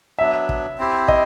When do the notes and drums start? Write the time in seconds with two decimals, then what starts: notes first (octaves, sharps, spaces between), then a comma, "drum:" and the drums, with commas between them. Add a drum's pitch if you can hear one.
0.18 F#3 B3 D4 E5
0.49 drum: kick
0.78 C4 E4 G4 C5
1.08 D#5, drum: kick